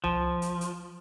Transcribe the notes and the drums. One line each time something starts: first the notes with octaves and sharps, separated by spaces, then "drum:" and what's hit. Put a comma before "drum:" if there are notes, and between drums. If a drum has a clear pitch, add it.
F3, drum: tom C2
drum: hi-hat
drum: hi-hat